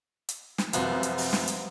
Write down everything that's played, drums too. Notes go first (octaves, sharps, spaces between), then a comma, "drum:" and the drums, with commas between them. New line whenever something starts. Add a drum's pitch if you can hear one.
drum: hi-hat
drum: snare
C2 F#2 F3 B3, drum: hi-hat
drum: hi-hat
drum: open hi-hat
drum: snare
drum: hi-hat